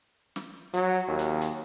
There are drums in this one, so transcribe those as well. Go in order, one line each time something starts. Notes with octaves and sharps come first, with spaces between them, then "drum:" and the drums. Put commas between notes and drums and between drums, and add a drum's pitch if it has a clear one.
drum: snare
F#3, drum: hi-hat
D#2
drum: hi-hat
drum: hi-hat